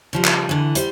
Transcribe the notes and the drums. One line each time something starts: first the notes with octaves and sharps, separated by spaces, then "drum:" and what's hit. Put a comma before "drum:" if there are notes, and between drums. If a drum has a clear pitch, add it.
C#3 F3 G3
drum: clap
D3 E3
G3 C5, drum: hi-hat